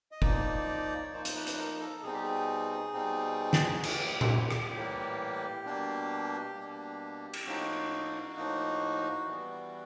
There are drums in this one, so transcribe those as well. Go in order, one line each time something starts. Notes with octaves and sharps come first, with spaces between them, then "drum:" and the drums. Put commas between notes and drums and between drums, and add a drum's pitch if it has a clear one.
D#5
F3 A#3 D#4 D5, drum: kick
C#5
F3 A#3 D#4 C5
C5, drum: hi-hat
B4
drum: hi-hat
A#4
A4
B2 G3 C4 D#4 G#4
G4
G#4
B2 G3 C4 D#4
drum: snare
F#4
A2 E3 G3 A#3 G4, drum: cymbal
drum: tom A#2
drum: rim click
A2 E3 G3 A#3
B2 G3 A#3 D4
B2 G3 A#3 D4
drum: cymbal
A2 F3 A#3 D#4 F#4
A2 F3 A#3 D#4
E3 G3 B3